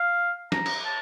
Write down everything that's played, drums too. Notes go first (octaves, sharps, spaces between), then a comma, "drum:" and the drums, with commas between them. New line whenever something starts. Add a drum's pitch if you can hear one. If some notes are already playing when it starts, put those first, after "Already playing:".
Already playing: F5
A#5, drum: snare
drum: cymbal
A5